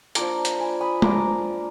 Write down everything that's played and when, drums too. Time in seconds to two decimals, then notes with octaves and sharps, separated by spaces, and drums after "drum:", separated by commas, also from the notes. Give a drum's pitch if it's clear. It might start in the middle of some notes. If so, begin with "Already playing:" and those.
0.15 F3 A#3 D4 F4 A#5 D6, drum: hi-hat
0.45 drum: hi-hat
0.59 G#5 B5
0.81 B5 D#6
1.02 F3 A#3 D4 F4 A#5 D6, drum: tom G#3